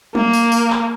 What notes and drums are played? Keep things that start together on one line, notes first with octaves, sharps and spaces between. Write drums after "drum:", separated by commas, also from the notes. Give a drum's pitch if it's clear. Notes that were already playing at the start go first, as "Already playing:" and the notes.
A#3, drum: tom F#3
drum: tambourine
drum: tambourine
drum: clap